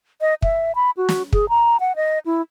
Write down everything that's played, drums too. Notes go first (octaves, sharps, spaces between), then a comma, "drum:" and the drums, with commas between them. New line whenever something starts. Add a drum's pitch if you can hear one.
D#5
E5, drum: kick
B5
F#4
drum: snare
G#4, drum: kick
A#5
F#5
D#5
E4